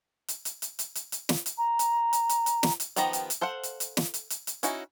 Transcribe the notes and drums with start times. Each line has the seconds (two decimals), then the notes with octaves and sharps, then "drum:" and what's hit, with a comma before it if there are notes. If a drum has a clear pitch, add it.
0.28 drum: hi-hat
0.45 drum: hi-hat
0.62 drum: hi-hat
0.79 drum: hi-hat
0.95 drum: hi-hat
1.12 drum: hi-hat
1.29 drum: snare
1.46 drum: hi-hat
1.58 A#5
1.79 drum: hi-hat
2.13 drum: hi-hat
2.29 drum: hi-hat
2.46 drum: hi-hat
2.63 drum: snare
2.80 drum: hi-hat
2.96 D#3 F3 B3 G4 A#5, drum: hi-hat
3.13 drum: hi-hat
3.30 drum: hi-hat
3.41 A4 C5 F5 F#5
3.63 drum: hi-hat
3.80 drum: hi-hat
3.97 drum: snare
4.14 drum: hi-hat
4.30 drum: hi-hat
4.47 drum: hi-hat
4.63 C#4 D#4 E4 F#4, drum: hi-hat